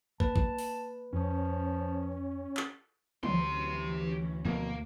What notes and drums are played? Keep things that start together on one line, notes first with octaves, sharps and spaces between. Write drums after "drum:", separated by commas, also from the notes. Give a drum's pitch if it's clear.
A#3 B4 A5, drum: kick
drum: kick
drum: open hi-hat
F2 F3 C#4
drum: clap
D2 E3 F#3 C#4 G4 C6, drum: tom
B2 F3 A3 A#3